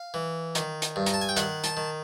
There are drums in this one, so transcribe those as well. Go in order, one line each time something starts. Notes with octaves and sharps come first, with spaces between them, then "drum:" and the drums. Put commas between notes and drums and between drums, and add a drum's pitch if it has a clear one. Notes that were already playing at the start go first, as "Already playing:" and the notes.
Already playing: F5
E3
D#3, drum: hi-hat
drum: hi-hat
G2
A#5, drum: hi-hat
A5
G#5
G5
D#3 F#5, drum: hi-hat
A5, drum: hi-hat
D#3